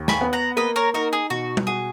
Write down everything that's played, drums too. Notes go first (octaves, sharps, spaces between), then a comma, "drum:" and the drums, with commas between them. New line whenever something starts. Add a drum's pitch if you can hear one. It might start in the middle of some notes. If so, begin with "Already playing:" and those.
Already playing: D#2
G#5 B5, drum: snare
B3
F#5 A#5
A#3 B4 D#5
A#4 C#5
D#4 F#4 A#4
G#4
B2 F#4
drum: tom G3
F#4 G#4